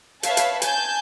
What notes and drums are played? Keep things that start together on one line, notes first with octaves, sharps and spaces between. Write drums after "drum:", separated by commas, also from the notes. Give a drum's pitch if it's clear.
B4 C#5 E5 F5 A5, drum: hi-hat
drum: hi-hat
G#5 A5 G6, drum: hi-hat